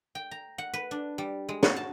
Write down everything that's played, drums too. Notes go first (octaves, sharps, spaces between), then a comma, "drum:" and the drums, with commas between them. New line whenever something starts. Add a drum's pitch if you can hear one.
G5
A#5
F#5
B4
D4
G3
G#3
F#4, drum: snare
A5